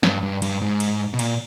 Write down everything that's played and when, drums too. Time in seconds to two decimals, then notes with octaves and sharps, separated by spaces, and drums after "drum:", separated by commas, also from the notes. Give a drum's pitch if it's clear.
0.03 G2, drum: snare
0.23 G2
0.42 G2, drum: cymbal
0.61 G#2
0.80 drum: cymbal
1.14 B2
1.19 A#2, drum: cymbal